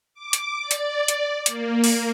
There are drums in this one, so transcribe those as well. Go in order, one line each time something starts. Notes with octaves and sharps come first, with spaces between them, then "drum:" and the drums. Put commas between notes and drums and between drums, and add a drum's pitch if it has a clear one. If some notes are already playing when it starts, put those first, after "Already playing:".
D6
drum: hi-hat
D5
drum: hi-hat
drum: hi-hat
A#3, drum: hi-hat
drum: open hi-hat